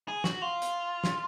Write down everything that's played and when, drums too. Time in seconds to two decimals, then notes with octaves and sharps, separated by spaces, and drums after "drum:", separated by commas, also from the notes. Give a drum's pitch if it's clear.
0.08 G#4
0.24 F#4, drum: snare
0.42 F4
0.62 drum: hi-hat
1.04 drum: snare